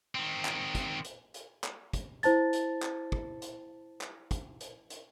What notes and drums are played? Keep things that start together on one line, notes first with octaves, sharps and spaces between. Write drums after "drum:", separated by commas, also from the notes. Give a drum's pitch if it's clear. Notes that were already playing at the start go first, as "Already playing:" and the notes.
D#3 C4
drum: clap
drum: kick, hi-hat
drum: hi-hat
drum: hi-hat
drum: clap
drum: kick, hi-hat
E4 C5 A5 A6, drum: hi-hat
drum: hi-hat
drum: clap
drum: kick
drum: hi-hat
drum: clap
drum: kick, hi-hat
drum: hi-hat
drum: hi-hat